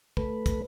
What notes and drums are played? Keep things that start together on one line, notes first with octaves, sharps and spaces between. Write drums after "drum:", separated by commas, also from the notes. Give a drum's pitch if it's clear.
A3 B4, drum: kick
drum: kick, hi-hat